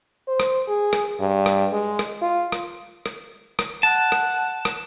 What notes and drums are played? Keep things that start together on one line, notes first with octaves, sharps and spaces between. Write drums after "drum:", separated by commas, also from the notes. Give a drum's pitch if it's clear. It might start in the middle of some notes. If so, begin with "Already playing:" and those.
C5
drum: rim click
G#4
drum: rim click
G2
drum: rim click
G#3
drum: rim click
F4
drum: rim click
drum: rim click
drum: rim click
F#5 A5
drum: rim click
drum: rim click